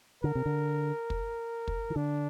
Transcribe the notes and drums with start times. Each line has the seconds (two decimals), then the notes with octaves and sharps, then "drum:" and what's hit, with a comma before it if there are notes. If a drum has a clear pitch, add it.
0.24 D3 A#4
0.35 C3
0.46 D3
1.10 drum: kick
1.68 drum: kick
1.90 D#3
1.96 D3 D4